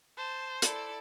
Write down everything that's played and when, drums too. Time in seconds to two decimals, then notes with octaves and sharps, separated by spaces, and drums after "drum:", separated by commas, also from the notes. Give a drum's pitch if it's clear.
0.17 C5 A5
0.62 E4 A4 D5, drum: hi-hat